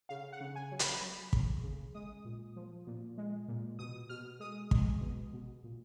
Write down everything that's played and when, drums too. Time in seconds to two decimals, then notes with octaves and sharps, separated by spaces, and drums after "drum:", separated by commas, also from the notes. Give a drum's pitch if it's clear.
0.09 C#3 F5
0.32 F#5
0.41 C#3
0.56 G#5
0.72 F#3
0.79 B5, drum: hi-hat
0.90 A#5
1.01 F#3 B5
1.33 C#3, drum: kick
1.64 C#3
1.95 G#3 D#6
2.25 A#2
2.56 F3
2.87 A#2
3.18 G#3
3.48 A#2
3.79 B2 D#6
4.09 B2 F6
4.40 G#3 D#6
4.71 G#3, drum: kick
5.01 B2
5.33 B2
5.64 A#2